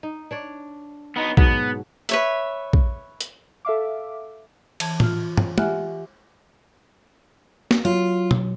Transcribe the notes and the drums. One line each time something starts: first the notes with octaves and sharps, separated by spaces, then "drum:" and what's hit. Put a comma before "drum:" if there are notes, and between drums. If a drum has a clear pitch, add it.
D#4
D4 C#5 D5
B3 D#4
G#2 B2 F#3 B3, drum: kick
B4 C#5 E5, drum: hi-hat
drum: kick
drum: hi-hat
A4 E5 F5 D6
E3 A5 G#6, drum: cymbal
F4 F6, drum: tom A2
drum: tom
G4 E5 F#5 G#5 F6 F#6, drum: tom
drum: snare
F#3 F4
drum: tom B2